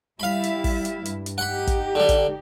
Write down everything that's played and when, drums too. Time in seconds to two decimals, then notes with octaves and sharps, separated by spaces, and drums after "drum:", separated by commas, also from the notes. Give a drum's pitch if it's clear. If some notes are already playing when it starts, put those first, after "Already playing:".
0.20 G3 E4 E5 F5 B5
0.44 drum: hi-hat
0.64 drum: kick, open hi-hat
0.85 drum: hi-hat
1.05 G2, drum: hi-hat
1.26 drum: hi-hat
1.38 D#4 G4 F#5 B5
1.67 drum: kick, hi-hat
1.95 D3 G3
2.09 drum: kick, hi-hat